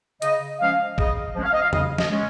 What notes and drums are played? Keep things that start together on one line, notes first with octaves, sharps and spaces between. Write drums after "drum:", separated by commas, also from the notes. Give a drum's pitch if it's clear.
C#3 D#5, drum: hi-hat
F3 G#3 C#4 F5
C#3 D#5, drum: kick
F3 G#3 C#4
F5
D#5
F5
C#3 D#5, drum: tom E2
D#5, drum: snare
G#3 C#4